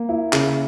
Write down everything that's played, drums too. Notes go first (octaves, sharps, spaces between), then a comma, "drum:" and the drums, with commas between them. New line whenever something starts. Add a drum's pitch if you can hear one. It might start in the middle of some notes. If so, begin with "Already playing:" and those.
Already playing: A#3
E4
C#3, drum: clap